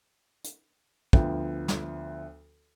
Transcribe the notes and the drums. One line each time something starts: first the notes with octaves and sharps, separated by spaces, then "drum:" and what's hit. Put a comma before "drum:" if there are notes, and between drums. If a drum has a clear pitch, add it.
drum: hi-hat
D2 F3 B3 G5, drum: kick
drum: snare